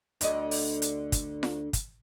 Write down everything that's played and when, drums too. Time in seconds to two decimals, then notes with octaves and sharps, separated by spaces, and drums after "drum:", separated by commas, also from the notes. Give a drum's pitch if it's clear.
0.21 D2 D3 D#5, drum: hi-hat
0.51 drum: open hi-hat
0.82 drum: hi-hat
1.12 drum: kick, hi-hat
1.43 drum: snare F4
1.73 drum: kick, hi-hat